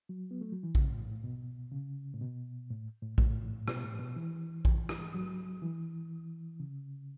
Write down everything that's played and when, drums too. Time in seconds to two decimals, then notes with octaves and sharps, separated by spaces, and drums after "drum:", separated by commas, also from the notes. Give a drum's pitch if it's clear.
0.09 F#3
0.31 B3
0.41 A3
0.52 F#3
0.63 E3
0.75 C#3, drum: kick A#1
0.90 A2
1.07 A2
1.24 B2
1.72 C#3
2.14 A2
2.21 B2
2.70 A2
3.02 A2
3.18 A2, drum: kick A#1
3.68 B2, drum: rim click
3.84 A2
4.00 B2
4.16 E3
4.65 drum: kick A#1
4.89 drum: rim click
5.14 F#3
5.62 E3
6.60 C#3